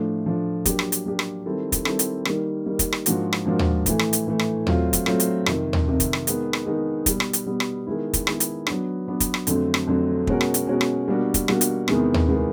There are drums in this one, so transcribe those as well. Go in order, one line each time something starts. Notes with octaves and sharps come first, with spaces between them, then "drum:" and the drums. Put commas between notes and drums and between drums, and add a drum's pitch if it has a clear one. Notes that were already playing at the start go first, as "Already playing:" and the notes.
Already playing: A2 F3 A3 D4
A2 F3 A3 D4
F#3 A#3 D4 G4, drum: kick, hi-hat
drum: rim click
drum: hi-hat
F#3 A#3 D4 G4
drum: rim click
D#3 G3 C4 E4 A4
drum: kick, hi-hat
D#3 G3 C4 E4 A4, drum: rim click
drum: hi-hat
D#3 G3 A#3 D#4, drum: rim click
D#3 G3 A#3 D#4
drum: kick, hi-hat
drum: rim click
G#2 F3 A#3 D4 F#4, drum: hi-hat
drum: rim click
G#2 F3 A#3 D4 F#4
drum: tom D#2
A2 E3 A3, drum: kick, hi-hat
drum: rim click
drum: hi-hat
A2 E3 A3
drum: rim click
F#3 A3 C4 F4, drum: tom D#2
drum: kick, hi-hat
F#3 A3 C4 F4, drum: rim click
drum: hi-hat
F2 C3 D#3, drum: rim click
drum: tom D#2
F2 C3 D#3
drum: kick, hi-hat
drum: rim click
D#3 G#3 B3 D#4, drum: hi-hat
drum: rim click
D#3 G#3 B3 D#4
B2 G3 B3, drum: kick, hi-hat
drum: rim click
drum: hi-hat
B2 G3 B3
drum: rim click
D#3 G#3 B3 E4
drum: kick, hi-hat
D#3 G#3 B3 E4, drum: rim click
drum: hi-hat
F#3 B3 D4, drum: rim click
F#3 B3 D4
drum: kick, hi-hat
drum: rim click
F2 D3 F#3 A3 C4, drum: hi-hat
drum: rim click
F2 D3 F#3 A3 C4
B2 G#3 C#4 F#4 A#4, drum: kick
drum: rim click
drum: hi-hat
B2 G#3 C#4 F#4 A#4
drum: rim click
B2 G3 A#3 D4 F#4
drum: kick, hi-hat
B2 G3 A#3 D4 F#4, drum: rim click
drum: hi-hat
E2 C3 D#3 G#3 B3, drum: rim click
drum: tom D#2
E2 C3 D#3 G#3 B3